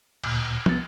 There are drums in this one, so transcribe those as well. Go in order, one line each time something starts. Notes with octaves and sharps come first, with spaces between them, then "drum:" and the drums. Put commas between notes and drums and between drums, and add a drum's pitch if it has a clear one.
D2 A#2, drum: cymbal
C2 B3 A6, drum: tom